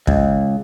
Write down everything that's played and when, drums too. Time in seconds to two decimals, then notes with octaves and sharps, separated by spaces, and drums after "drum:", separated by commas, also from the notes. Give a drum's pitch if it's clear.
0.07 C#2, drum: kick